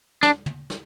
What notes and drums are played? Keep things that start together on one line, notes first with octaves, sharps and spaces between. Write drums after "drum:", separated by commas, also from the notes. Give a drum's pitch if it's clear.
D4, drum: snare
drum: tom
drum: snare